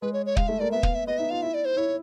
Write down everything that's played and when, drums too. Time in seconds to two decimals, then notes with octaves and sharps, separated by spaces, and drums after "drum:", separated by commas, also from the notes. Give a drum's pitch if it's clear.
0.02 G#3 B4
0.13 C#5
0.26 C#5
0.37 G#3 F5, drum: kick
0.48 A3 E5
0.60 A#3 D5
0.71 B3 E5
0.83 F5, drum: kick
0.95 E5
1.07 B3 D#5
1.18 D#4 E5
1.30 F4 F5
1.42 E4 E5
1.54 D5
1.65 C5
1.77 E4 C#5